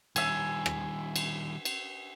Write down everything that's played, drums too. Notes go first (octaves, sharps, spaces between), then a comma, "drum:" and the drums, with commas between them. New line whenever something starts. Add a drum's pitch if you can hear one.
D#3 G3 E5 G#5, drum: cymbal
drum: rim click
drum: cymbal
drum: cymbal